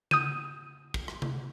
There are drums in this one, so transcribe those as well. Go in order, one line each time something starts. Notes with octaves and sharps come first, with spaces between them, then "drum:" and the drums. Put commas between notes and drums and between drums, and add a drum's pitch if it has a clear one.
D#6 G6 D#7, drum: tom C#3
drum: kick
drum: rim click
drum: tom C3